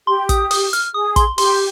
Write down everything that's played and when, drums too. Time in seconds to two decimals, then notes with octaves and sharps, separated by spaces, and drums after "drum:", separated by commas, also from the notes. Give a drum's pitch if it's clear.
0.07 G4 C6
0.29 D#6, drum: kick, hi-hat
0.51 D#6, drum: open hi-hat
0.73 F6, drum: hi-hat
0.94 G#4 D#6
1.16 C6, drum: kick, hi-hat
1.38 G4 C6, drum: open hi-hat